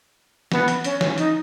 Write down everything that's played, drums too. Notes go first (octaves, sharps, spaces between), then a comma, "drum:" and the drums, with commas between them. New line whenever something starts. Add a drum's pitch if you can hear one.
B3, drum: snare
drum: hi-hat
C#4, drum: hi-hat
drum: snare
D#4, drum: hi-hat